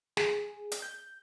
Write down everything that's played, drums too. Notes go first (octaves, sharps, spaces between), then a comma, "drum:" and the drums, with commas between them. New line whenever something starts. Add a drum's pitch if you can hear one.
G#4, drum: snare
drum: hi-hat
G6